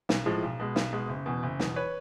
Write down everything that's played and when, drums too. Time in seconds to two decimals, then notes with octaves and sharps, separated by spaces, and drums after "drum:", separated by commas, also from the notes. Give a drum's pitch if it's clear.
0.09 B1, drum: snare
0.26 A2 F3 G#3
0.43 B1
0.59 B2 G#3
0.76 B1, drum: snare
0.93 B2 G#3
1.09 F#1
1.26 E2 B2
1.43 F#1
1.60 E2 B2, drum: snare
1.76 B4 C#5